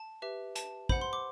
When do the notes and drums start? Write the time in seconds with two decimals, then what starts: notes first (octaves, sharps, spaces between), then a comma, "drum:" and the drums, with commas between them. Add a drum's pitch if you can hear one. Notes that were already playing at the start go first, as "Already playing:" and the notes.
Already playing: A5
0.22 G4 B4 E5
0.56 A5, drum: hi-hat
0.89 C5 F#5 B5, drum: kick
1.01 C6
1.13 D6